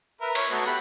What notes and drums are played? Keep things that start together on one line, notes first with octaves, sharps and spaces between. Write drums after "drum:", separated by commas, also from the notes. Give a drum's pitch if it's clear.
A#4 B4 E5
C#5, drum: cymbal
A3 B3 F#4
G4 F#5 B5